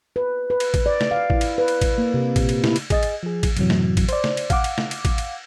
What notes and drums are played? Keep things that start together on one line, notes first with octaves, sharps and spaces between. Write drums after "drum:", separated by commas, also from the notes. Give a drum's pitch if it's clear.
B4
B4
drum: cymbal
drum: kick, cymbal
D5
drum: snare
F5
E4, drum: kick
drum: cymbal
B4
drum: cymbal
drum: kick, cymbal
A#3
C3
A#2, drum: kick, cymbal
drum: cymbal
E4, drum: snare
drum: cymbal
G#4 D#5 A6, drum: kick, cymbal
drum: cymbal
F3 G#4
drum: kick, cymbal
F#2 A2 C3 E3 F#3, drum: cymbal
drum: snare
drum: kick, cymbal
C5 D5, drum: cymbal
drum: snare
drum: cymbal
F5 F#5 D6, drum: kick, cymbal
drum: cymbal
drum: snare
drum: cymbal
drum: kick, cymbal
drum: cymbal